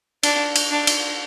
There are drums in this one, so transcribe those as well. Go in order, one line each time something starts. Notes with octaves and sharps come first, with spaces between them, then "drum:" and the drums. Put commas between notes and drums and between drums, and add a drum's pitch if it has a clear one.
D4, drum: cymbal
drum: cymbal
D4
drum: cymbal